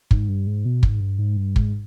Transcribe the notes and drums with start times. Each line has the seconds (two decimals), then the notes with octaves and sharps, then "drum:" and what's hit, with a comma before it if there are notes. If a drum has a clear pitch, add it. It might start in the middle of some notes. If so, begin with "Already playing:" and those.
0.11 G#2, drum: kick
0.28 G2
0.47 G#2
0.65 B2
0.83 G#2, drum: kick
1.00 G2
1.19 G#2
1.37 G2
1.56 G#2, drum: kick